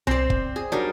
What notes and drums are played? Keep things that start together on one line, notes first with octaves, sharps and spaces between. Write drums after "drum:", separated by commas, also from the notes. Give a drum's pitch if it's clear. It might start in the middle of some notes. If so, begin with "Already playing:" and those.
C4 C5 D5, drum: tom C2
drum: kick
G#4
F#3 G3 D4 D#4 A#4